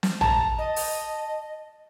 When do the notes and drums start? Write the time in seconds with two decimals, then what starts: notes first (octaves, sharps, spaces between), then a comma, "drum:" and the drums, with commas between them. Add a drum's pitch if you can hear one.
0.03 drum: snare
0.21 A5 A#5, drum: tom
0.58 D#5
0.76 drum: open hi-hat